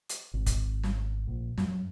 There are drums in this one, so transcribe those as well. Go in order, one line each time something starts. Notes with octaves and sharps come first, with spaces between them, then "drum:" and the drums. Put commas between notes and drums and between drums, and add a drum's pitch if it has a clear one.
drum: hi-hat
G#1
drum: kick, hi-hat
drum: snare
A#1
F#2, drum: snare